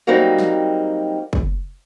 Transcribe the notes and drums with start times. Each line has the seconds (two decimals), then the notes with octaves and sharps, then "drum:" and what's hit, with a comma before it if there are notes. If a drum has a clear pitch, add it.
0.07 F#3 G3 A#3 C4 D#4
0.38 drum: snare
1.33 drum: kick